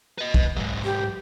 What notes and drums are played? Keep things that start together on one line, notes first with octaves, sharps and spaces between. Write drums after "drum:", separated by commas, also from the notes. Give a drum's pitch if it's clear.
B4 D#5
drum: kick
G#2 F#3
G4